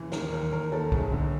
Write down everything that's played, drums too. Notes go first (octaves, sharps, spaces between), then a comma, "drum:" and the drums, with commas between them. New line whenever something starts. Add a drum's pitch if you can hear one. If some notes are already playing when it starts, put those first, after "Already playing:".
Already playing: D#2 C#3 E3
D#2 A#4, drum: snare
D#2 A#4
D#2 A#4
D#2 A4
G1 G#4, drum: kick
D3